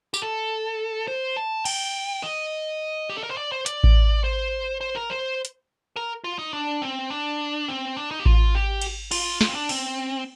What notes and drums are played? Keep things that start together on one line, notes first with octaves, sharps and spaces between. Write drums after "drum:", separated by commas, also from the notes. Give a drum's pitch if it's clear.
G4, drum: tambourine
A4
C5
A5
G5, drum: cymbal
D#5
G4
A4
A#4
C5
D5
C5
D5, drum: hi-hat
drum: kick A1
C5
C5
A#4
C5
drum: hi-hat
A#4
F4
D#4
D4
C4
D4
C4
D4
D#4
G4
F4, drum: kick A1
G4
drum: cymbal
F4, drum: cymbal
F4, drum: snare
C4
D4
C4, drum: open hi-hat